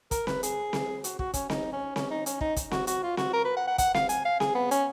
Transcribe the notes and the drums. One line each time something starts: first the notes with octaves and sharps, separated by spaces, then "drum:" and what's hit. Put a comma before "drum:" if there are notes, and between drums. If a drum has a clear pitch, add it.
A#4, drum: kick, hi-hat
B4, drum: snare C4
G#4, drum: hi-hat
drum: snare C4
F#4, drum: hi-hat
F#4, drum: kick
C#4, drum: kick, hi-hat
D#4, drum: snare C4
C#4
C#4, drum: snare C4
D#4
C#4, drum: hi-hat
D#4, drum: kick
drum: kick, hi-hat
F#4, drum: snare C4
F#4, drum: hi-hat
F4
F#4, drum: snare C4
A#4
B4
F#5
F#5
F#5, drum: kick, hi-hat
F5, drum: snare C4
G#5, drum: hi-hat
F5
G#4, drum: snare C4
B3
C#4, drum: hi-hat